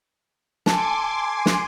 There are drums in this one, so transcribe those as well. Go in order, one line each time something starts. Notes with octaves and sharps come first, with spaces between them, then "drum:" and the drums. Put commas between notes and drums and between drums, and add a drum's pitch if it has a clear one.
A4 G#5 C6 D6, drum: snare
drum: snare